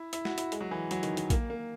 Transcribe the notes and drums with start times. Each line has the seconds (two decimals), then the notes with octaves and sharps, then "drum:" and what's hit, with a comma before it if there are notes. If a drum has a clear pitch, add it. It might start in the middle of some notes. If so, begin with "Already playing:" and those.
Already playing: E4
0.13 E4, drum: hi-hat
0.25 F#4, drum: snare
0.38 E4, drum: hi-hat
0.52 G#3, drum: hi-hat
0.61 F#3
0.71 E3
0.91 F#3, drum: hi-hat
1.03 D#3, drum: hi-hat
1.17 D#3, drum: hi-hat
1.30 A#3, drum: kick A#1, hi-hat
1.50 A#3